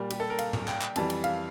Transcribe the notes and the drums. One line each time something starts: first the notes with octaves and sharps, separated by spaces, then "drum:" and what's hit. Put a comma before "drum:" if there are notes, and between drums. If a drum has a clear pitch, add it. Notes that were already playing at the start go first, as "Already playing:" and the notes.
Already playing: A#2 G3
G4, drum: cymbal
A4
A#4
F5, drum: cymbal
drum: tom A2
G5, drum: clap
drum: clap
F2 E3 G3 A5, drum: cymbal
drum: cymbal
F5, drum: cymbal